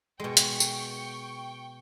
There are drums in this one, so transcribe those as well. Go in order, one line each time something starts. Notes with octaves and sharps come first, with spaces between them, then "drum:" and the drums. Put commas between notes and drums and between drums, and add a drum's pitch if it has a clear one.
B2 G#3 G5 C#6
drum: hi-hat
drum: tambourine